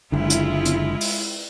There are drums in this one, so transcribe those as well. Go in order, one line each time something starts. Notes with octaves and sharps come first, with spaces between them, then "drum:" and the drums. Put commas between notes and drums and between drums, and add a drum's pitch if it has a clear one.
F#1 D3 G#3 E4 F4
drum: hi-hat
drum: hi-hat
drum: open hi-hat